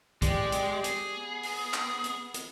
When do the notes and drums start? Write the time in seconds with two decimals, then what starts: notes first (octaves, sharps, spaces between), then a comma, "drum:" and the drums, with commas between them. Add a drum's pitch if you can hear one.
0.22 G#3 G4 D5 G5, drum: kick B1, hi-hat
0.52 drum: hi-hat
0.84 G#4, drum: hi-hat
1.19 B3
1.43 drum: open hi-hat
1.74 drum: clap
2.04 drum: hi-hat
2.34 drum: hi-hat